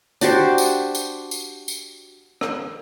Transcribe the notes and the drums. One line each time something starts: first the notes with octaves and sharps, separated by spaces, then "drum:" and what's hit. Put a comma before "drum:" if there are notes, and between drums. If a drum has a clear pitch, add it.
D4 F#4 G4 C5, drum: tambourine
drum: tambourine
drum: tambourine
drum: tambourine
drum: tambourine
drum: rim click